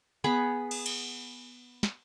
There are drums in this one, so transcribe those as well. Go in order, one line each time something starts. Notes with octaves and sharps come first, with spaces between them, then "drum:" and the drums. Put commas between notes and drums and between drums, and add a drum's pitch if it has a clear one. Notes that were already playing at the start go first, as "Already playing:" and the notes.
B3 G#4 B5
drum: cymbal
drum: cymbal
drum: snare